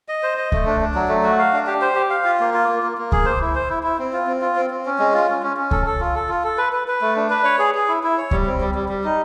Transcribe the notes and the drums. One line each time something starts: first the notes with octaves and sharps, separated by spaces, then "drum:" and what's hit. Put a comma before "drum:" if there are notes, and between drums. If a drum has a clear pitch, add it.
D#5
C5
D#5
A3, drum: kick C#2
D4
D4
F#3
A3
F#4
F5
D4
G4
C5
G4
F5
F4
A#3
F4
A#3
A#3
A#3
G#4, drum: kick C#2
C5
E4
C5
E4
E4
C4
F4
C4
F4
C4
C4
C#4
G#3
F4
C#4
C#4
C#4
A4, drum: kick C#2
A4
F4
A4
F4
A4
B4
B4
B4
A3
D4
B4
C#5
G#4
G#4
E4
E4
C#5
G3, drum: kick C#2
C4
G3
G3
G3
D#4